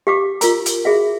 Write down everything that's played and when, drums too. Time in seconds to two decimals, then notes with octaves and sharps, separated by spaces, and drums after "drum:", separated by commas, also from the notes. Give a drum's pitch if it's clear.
0.07 G4 F5 D6
0.41 F4 A#4 A#5, drum: hi-hat
0.66 drum: hi-hat
0.85 F#4 G#4 E5 F5